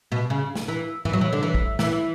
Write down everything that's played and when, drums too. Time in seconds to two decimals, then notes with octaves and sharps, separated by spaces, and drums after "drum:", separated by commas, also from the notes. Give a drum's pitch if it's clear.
0.12 B2
0.30 C#3
0.55 drum: snare
0.68 E3
1.05 E3, drum: tom
1.13 F#3
1.21 E3
1.33 D3
1.43 E3
1.54 drum: kick
1.79 E3, drum: snare